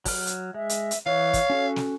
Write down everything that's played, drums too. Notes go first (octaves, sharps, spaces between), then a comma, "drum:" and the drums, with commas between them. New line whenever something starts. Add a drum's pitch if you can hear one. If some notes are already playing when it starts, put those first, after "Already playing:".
F#3 F6, drum: kick, open hi-hat
drum: hi-hat
G#3 E5
drum: hi-hat
drum: hi-hat
E3 C#5 F5
drum: kick, hi-hat
C#4 F#4 A4
drum: snare